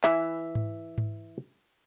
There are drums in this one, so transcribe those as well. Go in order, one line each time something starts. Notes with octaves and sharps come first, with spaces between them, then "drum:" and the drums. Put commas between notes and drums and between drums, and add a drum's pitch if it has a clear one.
E3 E5, drum: clap
drum: tom G#2
drum: tom G#2